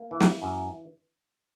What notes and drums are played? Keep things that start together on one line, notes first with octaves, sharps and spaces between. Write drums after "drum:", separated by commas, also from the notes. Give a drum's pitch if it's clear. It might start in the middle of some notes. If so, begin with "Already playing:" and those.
Already playing: A#3
E3
drum: snare
F#2